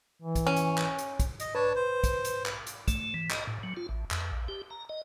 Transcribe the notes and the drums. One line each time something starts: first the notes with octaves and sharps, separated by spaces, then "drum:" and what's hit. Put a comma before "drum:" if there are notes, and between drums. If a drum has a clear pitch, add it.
E3
drum: kick, hi-hat
C#4
drum: hi-hat
drum: clap
drum: hi-hat
drum: kick, hi-hat
D#5, drum: hi-hat
D4 B4 C#5 A5
C5
drum: kick, hi-hat
drum: hi-hat
drum: clap
drum: hi-hat
A3, drum: kick, hi-hat
E3
D#5, drum: clap
A2
F#3
F4
A1
F2, drum: clap
A#1
G4
A#5
D#5